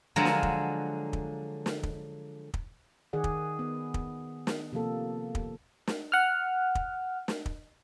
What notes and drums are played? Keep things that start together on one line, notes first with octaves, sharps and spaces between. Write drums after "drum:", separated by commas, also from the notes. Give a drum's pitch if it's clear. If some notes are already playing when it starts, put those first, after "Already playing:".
D3 F3 F#3 G#3 A#4 F#5
drum: snare
drum: kick
drum: kick
drum: snare
drum: kick
drum: kick
D#3 G#4 D5 F#5
drum: kick
B3
drum: kick
drum: snare
C3 F3 A#3 A4
drum: kick
drum: snare
F#5 F6
drum: kick
drum: snare
drum: kick